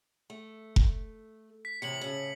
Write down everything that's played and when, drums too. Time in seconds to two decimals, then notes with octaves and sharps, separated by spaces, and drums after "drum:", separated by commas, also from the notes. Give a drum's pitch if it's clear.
0.30 A3
0.76 drum: kick F1
1.65 B6
1.82 A2 C3 E3 C#7 F#7
2.01 A2 C#3